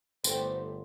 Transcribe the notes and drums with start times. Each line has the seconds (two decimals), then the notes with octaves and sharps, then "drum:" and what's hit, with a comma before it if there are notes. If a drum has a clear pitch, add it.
0.24 G1 A3 B3 G4 C5 C6, drum: tambourine